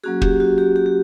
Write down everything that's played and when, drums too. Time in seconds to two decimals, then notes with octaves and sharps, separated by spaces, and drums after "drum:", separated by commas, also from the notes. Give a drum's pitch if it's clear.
0.04 F#3 A#3 C#4 F#4 G#4
0.22 G4, drum: kick
0.40 F#4
0.58 G4
0.76 G4
0.86 G4